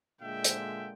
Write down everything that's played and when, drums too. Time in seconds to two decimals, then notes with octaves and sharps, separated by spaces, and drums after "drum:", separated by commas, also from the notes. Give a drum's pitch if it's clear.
0.21 A#2 D3 G#3 E5 G5
0.44 drum: hi-hat